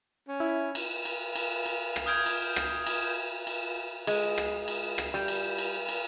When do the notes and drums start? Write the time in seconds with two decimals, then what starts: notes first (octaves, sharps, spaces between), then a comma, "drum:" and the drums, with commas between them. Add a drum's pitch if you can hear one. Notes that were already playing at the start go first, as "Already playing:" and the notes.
0.28 C#4
0.40 E4
0.75 drum: cymbal
1.05 drum: cymbal
1.35 drum: cymbal
1.66 drum: cymbal
1.96 drum: rim click
2.06 D#6 F6 G6 G#6 D7
2.26 drum: cymbal
2.56 drum: rim click
2.87 drum: cymbal
3.47 drum: cymbal
4.07 G#3, drum: cymbal
4.38 drum: rim click
4.68 drum: cymbal
4.98 drum: rim click
5.14 G3
5.28 drum: cymbal
5.58 drum: cymbal
5.89 drum: cymbal